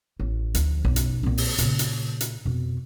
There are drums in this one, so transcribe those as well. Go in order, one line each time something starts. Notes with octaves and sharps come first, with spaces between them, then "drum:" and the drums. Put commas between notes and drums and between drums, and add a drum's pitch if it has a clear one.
A1
D2 F3, drum: hi-hat
B1 F#2
drum: hi-hat
A#2 C4
drum: open hi-hat
A#2 C#3, drum: hi-hat
drum: hi-hat
drum: hi-hat
F2 B2